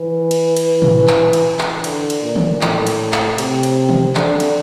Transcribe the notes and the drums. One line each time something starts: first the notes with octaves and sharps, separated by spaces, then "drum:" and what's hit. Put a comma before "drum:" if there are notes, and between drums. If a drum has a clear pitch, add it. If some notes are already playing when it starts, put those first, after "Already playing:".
Already playing: E3
drum: cymbal
drum: cymbal
drum: tom
drum: clap
drum: cymbal
drum: clap
D3, drum: cymbal
drum: cymbal
A#2
drum: tom
A2, drum: clap
drum: cymbal
drum: clap
C3, drum: cymbal
drum: cymbal
drum: tom
D3, drum: clap
drum: cymbal